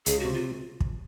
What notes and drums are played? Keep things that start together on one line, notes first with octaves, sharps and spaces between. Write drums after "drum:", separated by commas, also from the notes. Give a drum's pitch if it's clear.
C#2 G#4, drum: hi-hat
F#4
C3
F4
drum: kick